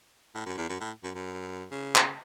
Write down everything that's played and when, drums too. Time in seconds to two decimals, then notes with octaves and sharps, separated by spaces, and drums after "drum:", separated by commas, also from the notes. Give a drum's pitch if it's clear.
0.35 A2
0.46 F#2
0.58 E2
0.70 F#2
0.81 A2
1.04 F#2
1.15 F#2
1.72 C#3
1.96 drum: clap